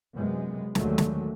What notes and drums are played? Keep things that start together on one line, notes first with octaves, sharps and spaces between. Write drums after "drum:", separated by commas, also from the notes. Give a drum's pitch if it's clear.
F#2 C3 G#3 B3
D#2 D3 F#3 G#3 A3, drum: snare
drum: snare